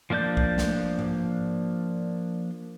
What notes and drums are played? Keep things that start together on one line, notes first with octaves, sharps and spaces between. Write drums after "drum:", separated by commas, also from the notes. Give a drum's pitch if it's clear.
F3 A#3 D4 D5 G6
drum: kick C2
drum: snare
drum: tom G#2